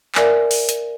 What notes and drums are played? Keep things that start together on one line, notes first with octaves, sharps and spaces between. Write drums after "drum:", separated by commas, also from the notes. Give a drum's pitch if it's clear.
A#4 D5 E5 G#5, drum: clap
drum: open hi-hat
drum: hi-hat